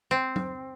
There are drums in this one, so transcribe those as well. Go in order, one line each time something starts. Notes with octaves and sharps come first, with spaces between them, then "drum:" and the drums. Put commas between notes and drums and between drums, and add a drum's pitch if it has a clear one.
C4
drum: tom F#3